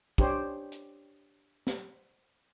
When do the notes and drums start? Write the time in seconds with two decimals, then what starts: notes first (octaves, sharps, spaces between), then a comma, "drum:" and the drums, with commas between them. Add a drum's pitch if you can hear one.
0.18 D4 G4 C5 C#5, drum: kick
0.72 drum: hi-hat
1.67 drum: snare